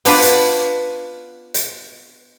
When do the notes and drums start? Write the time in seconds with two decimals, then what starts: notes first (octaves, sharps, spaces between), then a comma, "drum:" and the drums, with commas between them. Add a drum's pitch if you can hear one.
0.05 B3 D4 F4 B4 D5, drum: open hi-hat
0.22 drum: hi-hat
1.54 drum: hi-hat